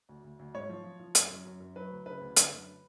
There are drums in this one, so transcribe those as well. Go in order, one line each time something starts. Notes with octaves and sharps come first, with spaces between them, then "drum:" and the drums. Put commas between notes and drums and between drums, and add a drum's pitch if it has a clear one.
D2
D2
D2
G#2 C#5
F3
F3
F3
F#2, drum: hi-hat
F#2
F#2
F#2
F#3 B4
D2
C#3 B4
D2
D3, drum: hi-hat
F#2